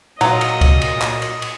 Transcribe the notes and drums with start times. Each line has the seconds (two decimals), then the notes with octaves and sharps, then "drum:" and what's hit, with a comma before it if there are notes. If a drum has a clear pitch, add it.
0.21 A#2 F#3 F4 D#5, drum: cymbal
0.41 drum: cymbal
0.61 drum: kick C#2, cymbal
0.81 drum: cymbal
1.02 drum: clap
1.22 drum: cymbal
1.42 drum: cymbal